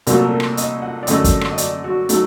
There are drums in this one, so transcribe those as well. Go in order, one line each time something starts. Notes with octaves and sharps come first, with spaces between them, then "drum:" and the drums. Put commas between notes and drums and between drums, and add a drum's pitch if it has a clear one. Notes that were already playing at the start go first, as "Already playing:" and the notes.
C2 A#2 F#3 A3 A#4, drum: hi-hat
A4
A#4
drum: rim click
D#5, drum: hi-hat
F#5
D5
F#2 D3 A3 D#5, drum: hi-hat
drum: kick, hi-hat
drum: rim click
D#5
D5, drum: hi-hat
F#4
F#3 A3 D#4, drum: hi-hat